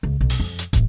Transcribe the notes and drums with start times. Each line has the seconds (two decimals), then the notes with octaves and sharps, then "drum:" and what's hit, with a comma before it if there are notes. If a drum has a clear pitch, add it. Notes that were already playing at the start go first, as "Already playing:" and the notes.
0.03 C#2
0.21 B1
0.30 drum: open hi-hat
0.40 F2
0.59 drum: hi-hat
0.73 A1, drum: kick, hi-hat